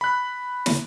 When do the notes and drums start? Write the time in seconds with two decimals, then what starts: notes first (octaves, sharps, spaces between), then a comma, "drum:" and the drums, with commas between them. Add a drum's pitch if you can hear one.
0.01 B5 F#6
0.66 drum: snare